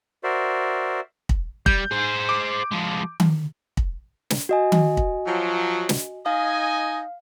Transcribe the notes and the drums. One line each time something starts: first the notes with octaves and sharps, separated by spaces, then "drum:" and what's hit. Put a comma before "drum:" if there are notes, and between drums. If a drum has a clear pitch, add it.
F#4 A#4 C5 D5 E5
drum: kick
G3 G6, drum: kick
G#4 C5
D6
F3 G#3
drum: tom D#3
drum: kick
drum: snare
F#4 D#5 G#5
drum: tom D#3
drum: kick
F3 F#3
drum: snare
D#4 D#5 F5 G#5